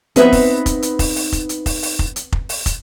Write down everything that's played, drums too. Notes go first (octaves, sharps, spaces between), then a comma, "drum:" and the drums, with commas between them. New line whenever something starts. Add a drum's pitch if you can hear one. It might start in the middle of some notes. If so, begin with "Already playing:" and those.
B3 C4 D#4 B4 E5, drum: hi-hat
drum: kick, open hi-hat
drum: kick, hi-hat
drum: hi-hat
drum: kick, open hi-hat
drum: open hi-hat
drum: kick, hi-hat
drum: hi-hat
drum: kick, open hi-hat
drum: open hi-hat
drum: kick
drum: hi-hat
drum: kick
drum: open hi-hat
drum: kick, hi-hat